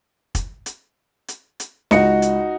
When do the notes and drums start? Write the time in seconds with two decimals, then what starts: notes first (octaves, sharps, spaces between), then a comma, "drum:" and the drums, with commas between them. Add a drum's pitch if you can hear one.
0.35 drum: kick, hi-hat
0.66 drum: hi-hat
1.28 drum: hi-hat
1.60 drum: hi-hat
1.91 C#2 D#4 F#4 C#7, drum: snare
2.22 drum: hi-hat